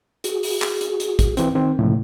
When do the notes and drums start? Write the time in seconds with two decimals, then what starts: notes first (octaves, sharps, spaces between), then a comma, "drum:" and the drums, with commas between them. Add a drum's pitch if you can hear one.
0.24 F#4 G#4, drum: hi-hat
0.43 drum: open hi-hat
0.62 drum: clap
0.81 drum: hi-hat
1.00 drum: hi-hat
1.19 drum: kick, hi-hat
1.37 E3 C4, drum: hi-hat
1.55 D#3 C4
1.79 C#2 A2 C3 F3